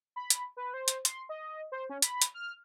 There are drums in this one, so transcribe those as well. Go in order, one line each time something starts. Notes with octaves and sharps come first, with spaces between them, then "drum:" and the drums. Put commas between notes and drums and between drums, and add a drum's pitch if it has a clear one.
B5
drum: hi-hat
B4
C5
drum: hi-hat
C6, drum: hi-hat
D#5
C5
C#4
B5, drum: hi-hat
drum: hi-hat
F6